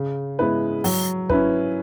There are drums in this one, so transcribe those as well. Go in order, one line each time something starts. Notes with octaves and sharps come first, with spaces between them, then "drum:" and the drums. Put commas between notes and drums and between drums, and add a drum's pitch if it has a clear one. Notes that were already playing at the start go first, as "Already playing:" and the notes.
Already playing: C#3
G#3 B3 E4 B4
F#3, drum: open hi-hat
C#4 E4 B4, drum: kick